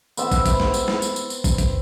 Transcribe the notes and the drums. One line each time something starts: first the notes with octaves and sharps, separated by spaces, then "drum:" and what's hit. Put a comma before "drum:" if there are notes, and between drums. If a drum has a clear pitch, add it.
B3 C4 E5, drum: tambourine
drum: kick, tambourine
drum: kick, tambourine
drum: snare
drum: tambourine
drum: snare
drum: tambourine
drum: tambourine
drum: tambourine
drum: kick, tambourine
drum: kick, tambourine